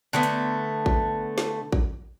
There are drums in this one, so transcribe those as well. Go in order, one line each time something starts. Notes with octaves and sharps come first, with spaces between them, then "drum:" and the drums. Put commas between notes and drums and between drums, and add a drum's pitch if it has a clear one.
D3 A3 B3
drum: hi-hat
drum: kick A1
drum: snare
drum: kick A1